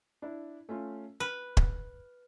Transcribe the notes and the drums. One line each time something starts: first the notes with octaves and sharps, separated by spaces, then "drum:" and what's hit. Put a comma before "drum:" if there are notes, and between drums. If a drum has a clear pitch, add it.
D4 E4
A3 C#4 F4
B4 F6
drum: kick